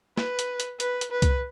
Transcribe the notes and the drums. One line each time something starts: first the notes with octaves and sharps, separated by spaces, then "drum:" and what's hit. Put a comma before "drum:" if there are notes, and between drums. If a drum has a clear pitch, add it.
B4, drum: snare
drum: hi-hat
drum: hi-hat
B4, drum: hi-hat
drum: hi-hat
B4
drum: kick C2, hi-hat